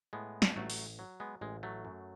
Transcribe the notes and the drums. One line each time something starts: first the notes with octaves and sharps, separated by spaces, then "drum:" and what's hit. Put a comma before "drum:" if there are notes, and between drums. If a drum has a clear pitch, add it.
A2 G#3 B3
drum: snare
A1 F#3 A3
drum: open hi-hat
F#3
G#3 B3
A1 G#3
F#3 A3
F#2